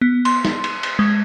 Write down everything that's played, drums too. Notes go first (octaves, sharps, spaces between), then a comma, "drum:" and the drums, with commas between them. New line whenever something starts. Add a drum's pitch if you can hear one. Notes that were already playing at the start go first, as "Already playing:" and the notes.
B3
C6, drum: cymbal
drum: snare
drum: cymbal
drum: cymbal
G#3